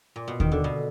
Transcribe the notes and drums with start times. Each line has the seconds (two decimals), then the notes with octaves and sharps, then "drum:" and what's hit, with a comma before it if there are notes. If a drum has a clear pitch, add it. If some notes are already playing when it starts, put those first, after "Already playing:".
0.16 A#2
0.28 B2
0.40 D#3, drum: kick D#2
0.52 D3
0.64 B2